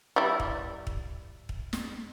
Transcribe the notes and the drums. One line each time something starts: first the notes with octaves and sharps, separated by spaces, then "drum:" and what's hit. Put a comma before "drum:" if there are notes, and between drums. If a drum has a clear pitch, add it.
G3 E4
drum: kick
drum: kick
drum: kick
drum: snare